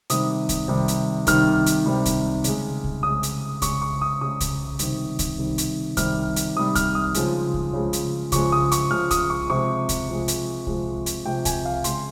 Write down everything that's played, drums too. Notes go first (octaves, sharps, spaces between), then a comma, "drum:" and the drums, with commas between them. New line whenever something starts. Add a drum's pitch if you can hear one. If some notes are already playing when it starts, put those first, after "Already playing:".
C3 D#3 G3 D#6, drum: hi-hat
drum: kick C2, hi-hat
C3 D#3 G3
drum: hi-hat
C3 D#3 G3 F6, drum: kick C2, hi-hat
drum: hi-hat
C3 D#3 G3
drum: kick C2, hi-hat
C#3 G#3, drum: hi-hat
drum: kick C2
C#3 G#3 D#6
drum: hi-hat
C#3 G#3 C#6, drum: kick C2, hi-hat
C#6
D#6
C#3 G#3 D#6
drum: kick C2, hi-hat
C3 D#3 G3, drum: hi-hat
drum: kick C2, hi-hat
C3 D#3 G3
drum: hi-hat
C3 D#3 G3 F6, drum: kick C2, hi-hat
drum: hi-hat
C3 D#3 G3 D#6
F6, drum: kick C2, hi-hat
D#6
C#3 F3 G#3, drum: hi-hat
drum: kick C2
C#3 F3 G#3
drum: hi-hat
C#3 F3 G#3 C#6, drum: kick C2, hi-hat
D#6
C#6, drum: hi-hat
C#3 F3 G#3 F6
D#6, drum: kick C2, hi-hat
C#6
C3 F3 G#3 C#6
drum: kick C2, hi-hat
C3 F3 G#3
drum: hi-hat
C3 F3 G#3, drum: kick C2
drum: hi-hat
C3 F3 G#3 G5
G#5, drum: kick C2, hi-hat
F5
C#3 G#3 C6, drum: hi-hat